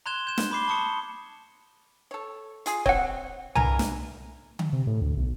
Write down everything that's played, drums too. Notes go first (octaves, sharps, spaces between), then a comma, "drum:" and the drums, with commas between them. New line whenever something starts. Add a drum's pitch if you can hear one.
A#5 C6 F#6 G#6 E7 G7
G6 E7
drum: snare
B5 D6 C7 G7
A5 C#6 D#6 C#7 G7
A4 C#5
F4 G#4, drum: hi-hat
C4 C#5 F#5, drum: kick
D3 E3 A#4 G#5 A#5, drum: tom C2
drum: snare
drum: tom D3
C3
A2
D2
B1